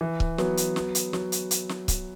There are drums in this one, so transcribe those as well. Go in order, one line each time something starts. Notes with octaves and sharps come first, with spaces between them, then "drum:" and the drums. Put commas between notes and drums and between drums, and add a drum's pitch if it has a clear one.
E3
drum: kick C#1
F#3 B3, drum: snare
drum: hi-hat
drum: snare
drum: hi-hat
F#3, drum: snare
drum: hi-hat
drum: hi-hat
drum: snare
drum: kick C#1, hi-hat